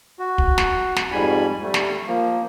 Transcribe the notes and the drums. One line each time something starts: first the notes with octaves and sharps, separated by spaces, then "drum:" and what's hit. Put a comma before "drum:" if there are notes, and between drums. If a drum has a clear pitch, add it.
F#4
drum: kick
drum: snare
drum: snare
F2 G#2 G3 G#5 B5
G3 A3
drum: snare
F3 A#3